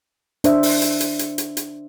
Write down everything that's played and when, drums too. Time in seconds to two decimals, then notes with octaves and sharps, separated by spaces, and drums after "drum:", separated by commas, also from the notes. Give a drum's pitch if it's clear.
0.44 D4 C5 E5, drum: hi-hat
0.63 drum: open hi-hat
0.82 drum: hi-hat
1.00 drum: hi-hat
1.19 drum: hi-hat
1.38 drum: hi-hat
1.57 drum: hi-hat